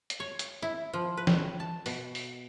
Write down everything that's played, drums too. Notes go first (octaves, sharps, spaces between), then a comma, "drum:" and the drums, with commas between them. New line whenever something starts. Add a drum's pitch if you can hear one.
drum: hi-hat
C#5
drum: hi-hat
E4
F3
B4
drum: snare
A5
B2, drum: open hi-hat
drum: open hi-hat